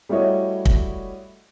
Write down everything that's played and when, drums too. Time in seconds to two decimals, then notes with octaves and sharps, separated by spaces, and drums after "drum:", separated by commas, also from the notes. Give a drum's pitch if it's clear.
0.09 G3 A3 E4 F#4 C#5 D#5
0.65 drum: kick